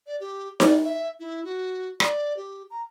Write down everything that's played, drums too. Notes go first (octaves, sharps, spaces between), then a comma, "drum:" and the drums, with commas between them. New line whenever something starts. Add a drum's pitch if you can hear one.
D5
G4
D5, drum: snare D#4
E5
E4
F#4
D5, drum: rim click
G4
A#5